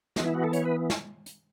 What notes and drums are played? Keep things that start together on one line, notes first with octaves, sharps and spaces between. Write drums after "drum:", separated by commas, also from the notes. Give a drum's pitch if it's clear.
E3 B3 F#4, drum: snare
E4
F#4
A4
C#5, drum: hi-hat
B4
drum: snare
drum: hi-hat